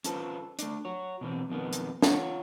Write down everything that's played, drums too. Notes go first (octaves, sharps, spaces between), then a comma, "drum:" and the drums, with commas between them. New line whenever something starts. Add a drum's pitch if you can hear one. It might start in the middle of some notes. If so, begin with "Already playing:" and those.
C#4 F4 A4 B4 C5, drum: hi-hat
A3 D4, drum: hi-hat
F#4 C#5
B2 E3 C4
F2 B2 D#3 B3
drum: hi-hat
F4 C#5 F#5, drum: snare